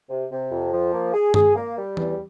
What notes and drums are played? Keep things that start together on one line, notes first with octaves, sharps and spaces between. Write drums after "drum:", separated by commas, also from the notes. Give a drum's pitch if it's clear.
C3
C3
F2
F3
A#3
G#4
G#4, drum: tom G2
A#3
G3
E2, drum: tom E3